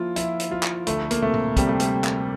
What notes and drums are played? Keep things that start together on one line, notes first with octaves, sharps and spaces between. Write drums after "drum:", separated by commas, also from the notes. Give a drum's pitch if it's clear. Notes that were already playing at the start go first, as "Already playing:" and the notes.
Already playing: F3 A#3 E4 F4
F3 E4, drum: hi-hat
drum: hi-hat
F3 F4
drum: clap
D2 A3, drum: hi-hat
A#3, drum: hi-hat
C3 A3
drum: tom A#2
C3 G3, drum: kick, hi-hat
A3
G3, drum: hi-hat
drum: clap